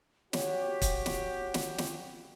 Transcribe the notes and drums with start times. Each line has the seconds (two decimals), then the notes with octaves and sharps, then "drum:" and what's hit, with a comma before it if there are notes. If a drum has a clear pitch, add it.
0.33 F#4 G4 C#5, drum: snare
0.82 drum: kick, hi-hat
1.06 drum: snare
1.54 drum: snare
1.78 drum: snare